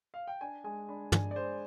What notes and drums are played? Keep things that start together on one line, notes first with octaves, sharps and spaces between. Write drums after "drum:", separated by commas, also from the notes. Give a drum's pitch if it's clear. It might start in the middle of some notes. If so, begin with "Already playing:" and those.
F5
G5
D4 G#5
G#3 G#5
D4 B5
D4 G#5, drum: tom
D5
G#3 C5